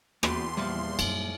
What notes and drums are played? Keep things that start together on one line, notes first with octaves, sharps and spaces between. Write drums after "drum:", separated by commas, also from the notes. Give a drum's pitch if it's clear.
E2 A#3 F#4 G4 B4 A5 B5 C6, drum: rim click
A#2 E3 F3 G3 A5
F#2 G#3, drum: cymbal